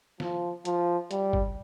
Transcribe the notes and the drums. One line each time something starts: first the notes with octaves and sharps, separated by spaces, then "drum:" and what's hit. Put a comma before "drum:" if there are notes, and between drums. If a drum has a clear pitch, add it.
F3, drum: snare
F3, drum: hi-hat
G3, drum: hi-hat
drum: kick